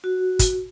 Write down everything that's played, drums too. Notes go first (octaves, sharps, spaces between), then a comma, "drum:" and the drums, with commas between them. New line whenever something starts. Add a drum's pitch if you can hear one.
F#4
drum: kick, hi-hat